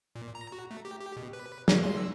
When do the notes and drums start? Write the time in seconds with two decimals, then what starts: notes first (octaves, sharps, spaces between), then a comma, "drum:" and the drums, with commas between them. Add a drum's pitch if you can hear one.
0.15 A#2
0.35 A#5
0.52 F#4
0.71 A3
0.85 G4
1.00 G4
1.17 B2
1.33 B4
1.68 G#5, drum: snare
1.83 C6
1.97 E6